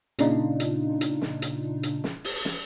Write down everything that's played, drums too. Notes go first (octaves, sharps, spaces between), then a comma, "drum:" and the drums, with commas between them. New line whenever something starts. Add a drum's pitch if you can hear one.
A#2 C#3 D4 D#4 F4, drum: hi-hat
drum: hi-hat
drum: hi-hat
drum: snare
drum: hi-hat
drum: hi-hat
drum: snare
drum: open hi-hat
drum: snare